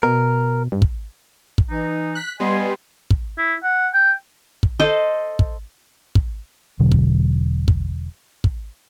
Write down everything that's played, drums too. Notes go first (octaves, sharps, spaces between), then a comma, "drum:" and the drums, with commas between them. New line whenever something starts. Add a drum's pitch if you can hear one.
B2 A#4
G2
drum: kick
drum: kick
E3 D#4
F#6 B6
G3 B3 D#5 G#5 C6
drum: kick
E4
F#5
G5
drum: kick
A4 C5 D#5
drum: kick
drum: kick
E1 B2 D3 F#3
drum: kick
drum: kick
drum: kick